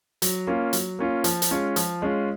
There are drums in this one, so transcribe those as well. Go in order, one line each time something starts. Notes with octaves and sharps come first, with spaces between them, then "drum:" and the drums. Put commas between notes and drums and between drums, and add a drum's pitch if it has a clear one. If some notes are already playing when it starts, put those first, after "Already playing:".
F#3, drum: hi-hat
A#3 C#4 F4
F#3, drum: hi-hat
A#3 C#4 F4
F3, drum: hi-hat
drum: hi-hat
G#3 C#4 F4
F3, drum: hi-hat
G#3 C#4 F4